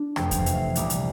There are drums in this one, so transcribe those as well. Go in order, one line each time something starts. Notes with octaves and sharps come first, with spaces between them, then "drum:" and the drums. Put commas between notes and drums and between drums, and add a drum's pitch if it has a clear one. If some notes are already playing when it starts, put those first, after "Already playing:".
Already playing: D4
F1 F2 C3 E3 A3 G5, drum: rim click
G5, drum: kick F2, hi-hat
F5
E5, drum: hi-hat
F5
C2 A#2 G3 A#3, drum: hi-hat
drum: hi-hat